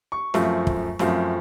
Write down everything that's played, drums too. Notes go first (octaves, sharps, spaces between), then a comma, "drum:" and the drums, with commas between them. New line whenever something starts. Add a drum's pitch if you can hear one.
C#6
F#2 F3 A3 C4, drum: snare
drum: kick
F#2 F3 A3 C4, drum: snare